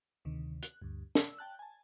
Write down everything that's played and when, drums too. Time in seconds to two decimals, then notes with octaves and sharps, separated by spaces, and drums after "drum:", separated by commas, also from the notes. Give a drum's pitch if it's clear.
0.25 D2 C3 D#3
0.63 F#6, drum: hi-hat
0.82 D2 G2
1.15 E6, drum: snare
1.39 G5 A5 F#6
1.59 G#5 A5